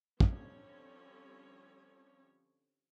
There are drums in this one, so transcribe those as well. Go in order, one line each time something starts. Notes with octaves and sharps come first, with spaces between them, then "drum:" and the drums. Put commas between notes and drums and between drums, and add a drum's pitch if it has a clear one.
D3 F3 G3 C4 C#4 C#5, drum: kick